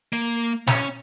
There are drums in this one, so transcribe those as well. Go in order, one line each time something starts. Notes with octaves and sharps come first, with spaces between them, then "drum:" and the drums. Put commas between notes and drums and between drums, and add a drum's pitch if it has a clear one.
A#3
C#4, drum: snare